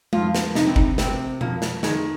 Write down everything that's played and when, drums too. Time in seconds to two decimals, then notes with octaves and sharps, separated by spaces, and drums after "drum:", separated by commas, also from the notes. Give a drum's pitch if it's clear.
0.13 F2 F4, drum: tom G#3
0.35 drum: snare
0.55 C3 D#4, drum: snare
0.66 C4
0.76 D#4, drum: kick G1
0.98 C3 C4, drum: snare
1.41 F2 A#3, drum: tom B2
1.62 drum: snare
1.83 D#3 G#3, drum: snare